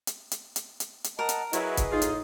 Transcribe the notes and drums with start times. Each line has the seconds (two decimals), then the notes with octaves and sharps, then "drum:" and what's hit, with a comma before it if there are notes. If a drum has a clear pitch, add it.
0.07 drum: hi-hat
0.31 drum: hi-hat
0.56 drum: hi-hat
0.80 drum: hi-hat
1.04 drum: hi-hat
1.19 A#4 D#5 F#5 A5
1.29 drum: hi-hat
1.53 F#3 E4 G#4 B4 D#5, drum: hi-hat
1.77 drum: kick, hi-hat
1.92 A2 D#4 F4 G#4
2.02 drum: hi-hat